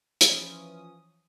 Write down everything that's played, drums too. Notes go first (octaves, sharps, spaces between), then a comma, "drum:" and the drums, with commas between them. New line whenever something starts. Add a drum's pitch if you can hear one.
E3 F3 C#4 D#6, drum: hi-hat